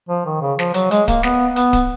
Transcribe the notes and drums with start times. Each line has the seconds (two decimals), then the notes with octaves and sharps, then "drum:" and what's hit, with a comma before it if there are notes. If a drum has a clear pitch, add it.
0.09 F3
0.26 D#3
0.42 C#3
0.59 F3, drum: snare
0.74 F#3, drum: hi-hat
0.91 G#3, drum: hi-hat
1.08 A#3, drum: kick D1, hi-hat
1.23 B3, drum: snare
1.56 B3, drum: hi-hat
1.73 drum: kick D1, hi-hat